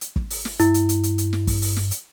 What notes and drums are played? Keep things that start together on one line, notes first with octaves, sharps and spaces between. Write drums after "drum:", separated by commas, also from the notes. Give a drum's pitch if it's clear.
drum: hi-hat
drum: kick
drum: open hi-hat
drum: snare
G2 E4, drum: hi-hat
drum: hi-hat
drum: hi-hat
drum: hi-hat
drum: hi-hat
drum: snare
drum: kick, open hi-hat
drum: open hi-hat
drum: snare
drum: hi-hat